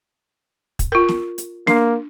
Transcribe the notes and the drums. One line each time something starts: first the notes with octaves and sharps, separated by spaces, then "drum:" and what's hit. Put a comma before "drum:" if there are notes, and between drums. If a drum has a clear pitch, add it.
drum: kick, hi-hat
F4 A#4
drum: snare
drum: hi-hat
A#3 D4, drum: snare